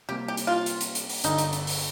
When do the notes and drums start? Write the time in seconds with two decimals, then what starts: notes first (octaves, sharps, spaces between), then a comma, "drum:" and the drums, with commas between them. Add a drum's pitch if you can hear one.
0.09 C3 G3 A#3 G4
0.28 G4
0.37 drum: hi-hat
0.47 F4
0.66 drum: hi-hat
0.81 drum: hi-hat
0.95 drum: hi-hat
1.09 drum: open hi-hat
1.24 G1 G2 D3 D#4, drum: hi-hat
1.38 drum: hi-hat
1.53 drum: hi-hat
1.67 drum: open hi-hat